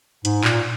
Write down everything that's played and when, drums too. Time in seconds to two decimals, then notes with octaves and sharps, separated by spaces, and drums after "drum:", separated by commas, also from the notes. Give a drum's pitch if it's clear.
0.25 G#2, drum: hi-hat
0.44 A#2, drum: clap